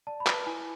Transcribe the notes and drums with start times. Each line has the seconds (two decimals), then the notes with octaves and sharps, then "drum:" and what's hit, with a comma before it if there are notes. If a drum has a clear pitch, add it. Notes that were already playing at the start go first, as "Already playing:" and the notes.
0.07 D5 A5
0.20 B5
0.27 B4, drum: clap
0.33 A5
0.46 E4 G#5